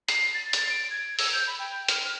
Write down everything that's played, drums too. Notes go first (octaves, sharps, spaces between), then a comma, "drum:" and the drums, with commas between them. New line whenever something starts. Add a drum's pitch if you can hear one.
C7, drum: hi-hat
A6
drum: hi-hat
D7
G#6
E6, drum: open hi-hat
G6
B5
G5
F6, drum: hi-hat
F6